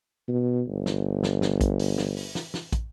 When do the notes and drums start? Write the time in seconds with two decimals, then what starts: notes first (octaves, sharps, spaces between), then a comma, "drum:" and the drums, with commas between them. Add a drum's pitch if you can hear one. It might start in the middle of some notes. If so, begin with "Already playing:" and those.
0.28 B2
0.68 G1
0.86 drum: snare
1.23 drum: snare
1.42 drum: snare
1.61 drum: kick, hi-hat
1.79 drum: open hi-hat
1.98 drum: snare
2.17 drum: open hi-hat
2.35 drum: snare
2.54 drum: snare
2.72 drum: kick, hi-hat